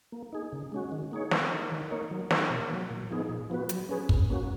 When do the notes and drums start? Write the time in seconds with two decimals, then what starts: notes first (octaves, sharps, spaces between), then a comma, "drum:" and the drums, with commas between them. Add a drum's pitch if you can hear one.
0.12 A#3
0.33 D#4 G#4
0.52 C#3
0.72 G#3 C#4 F#4
0.92 D#3
1.12 A#3 D#4 G#4 C#5
1.31 A#3, drum: snare
1.51 D#4 A#4
1.72 D#3
1.91 A#3 D#4 A#4 C#5
2.11 F#3
2.31 A#3 D#4 A#4, drum: snare
2.50 B2
2.71 F#3 A#3
2.91 A#2
3.11 F3 B3 D#4 G#4
3.29 A#2
3.50 F3 B3 F#4 B4
3.69 F#3, drum: hi-hat
3.89 C#4 G#4 B4
4.09 B2, drum: kick
4.30 A#3 C#4 F#4